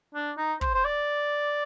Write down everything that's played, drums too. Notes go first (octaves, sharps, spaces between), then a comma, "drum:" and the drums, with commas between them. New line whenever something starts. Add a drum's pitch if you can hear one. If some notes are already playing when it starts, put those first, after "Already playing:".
D4
D#4
C5, drum: kick
C5
D5